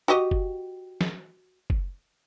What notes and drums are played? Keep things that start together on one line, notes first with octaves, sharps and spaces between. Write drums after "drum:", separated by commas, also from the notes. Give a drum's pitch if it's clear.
F#4 G4 D#5
drum: kick F#1
drum: snare
drum: kick F#1